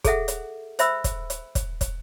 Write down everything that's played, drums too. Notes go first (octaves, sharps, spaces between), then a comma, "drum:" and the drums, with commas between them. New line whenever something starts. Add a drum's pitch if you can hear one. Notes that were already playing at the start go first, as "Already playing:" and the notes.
G#4 A4 E5 F#5, drum: kick, hi-hat
drum: hi-hat
C5 E5 B5 E6, drum: hi-hat
drum: kick, hi-hat
drum: hi-hat
drum: kick, hi-hat
drum: kick, hi-hat